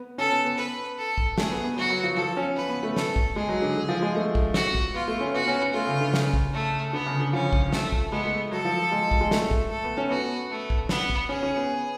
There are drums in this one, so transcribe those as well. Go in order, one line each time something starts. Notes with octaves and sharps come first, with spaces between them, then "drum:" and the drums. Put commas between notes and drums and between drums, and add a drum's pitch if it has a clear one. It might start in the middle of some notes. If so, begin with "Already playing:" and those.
Already playing: B3
C#4 A4
B3
B3
B4
A4
drum: kick
A3 G#4, drum: snare
B3
B3
F#3 F#4
F#3
F3
F3 A4
C#4
B3 B4
B3
A3
A4, drum: snare
drum: kick
G#3 G#4
F#3
D3
D3
F3
G#3
A3
drum: kick
F#4, drum: snare
drum: kick
B3 F4
A3
C#4
B3 F#4
C#4
B3
A3 F4
C#3
D3
C#3, drum: snare
drum: kick
A3
D3 B3
C#3
D3
F3 C#4
drum: kick
A3, drum: snare
drum: kick
G#3 B3
A3
F#3 A4
F3
G#3
drum: kick
G#3
A3, drum: snare
drum: kick
A4
B3
C#4
B3 F#4
A3
drum: kick
B3, drum: snare
drum: kick
C#4 G#4
C#4
B3